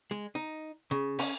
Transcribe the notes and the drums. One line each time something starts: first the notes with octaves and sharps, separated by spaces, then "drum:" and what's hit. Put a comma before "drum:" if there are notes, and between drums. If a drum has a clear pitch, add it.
G#3
D#4
C#3
C#4, drum: open hi-hat